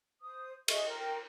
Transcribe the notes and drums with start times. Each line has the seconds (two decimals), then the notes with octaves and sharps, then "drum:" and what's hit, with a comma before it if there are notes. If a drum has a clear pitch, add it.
0.20 C5 D#6
0.68 G#4 D#5 E5 C#6, drum: cymbal
0.85 A#4 G5